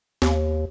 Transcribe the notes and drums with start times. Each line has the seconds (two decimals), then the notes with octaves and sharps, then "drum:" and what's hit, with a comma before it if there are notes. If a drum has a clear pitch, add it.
0.22 D#2, drum: snare